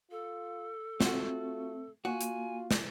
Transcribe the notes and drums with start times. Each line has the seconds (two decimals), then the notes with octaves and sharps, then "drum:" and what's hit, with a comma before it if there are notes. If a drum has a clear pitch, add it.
0.11 F4 A4
1.01 A3 C4 F4 F#4, drum: snare
2.05 A#3 F4 F#4 G#5
2.21 drum: hi-hat
2.71 drum: snare